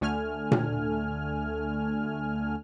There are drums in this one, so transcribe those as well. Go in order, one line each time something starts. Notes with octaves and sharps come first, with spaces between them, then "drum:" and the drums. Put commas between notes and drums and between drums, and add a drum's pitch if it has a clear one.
D2 D3 A3 G#5 F6
drum: tom A#2